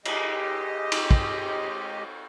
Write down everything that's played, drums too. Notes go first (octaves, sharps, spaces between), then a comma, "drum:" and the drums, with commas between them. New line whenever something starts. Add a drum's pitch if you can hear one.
G#3 G4 D#5, drum: cymbal
drum: cymbal
drum: kick